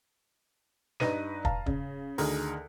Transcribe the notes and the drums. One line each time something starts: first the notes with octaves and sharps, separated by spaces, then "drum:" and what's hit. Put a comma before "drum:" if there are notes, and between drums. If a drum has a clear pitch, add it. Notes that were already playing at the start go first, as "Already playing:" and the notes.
G2 D#4 B4 A#6 D#7, drum: snare
F5 A5 A#5, drum: kick
C#3, drum: kick
D2 D#3 G#4 A#4, drum: open hi-hat